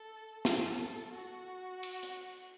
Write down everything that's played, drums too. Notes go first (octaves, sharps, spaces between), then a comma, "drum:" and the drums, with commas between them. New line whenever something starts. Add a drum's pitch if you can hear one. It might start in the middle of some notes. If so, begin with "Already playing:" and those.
Already playing: A4
A4, drum: snare
F#4
drum: cymbal
drum: hi-hat